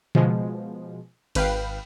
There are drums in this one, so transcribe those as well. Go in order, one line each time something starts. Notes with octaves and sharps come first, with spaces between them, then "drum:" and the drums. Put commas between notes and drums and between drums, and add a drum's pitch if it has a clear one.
B2 F3 G#3, drum: tom C#3
G#1 B4 F5 G5, drum: cymbal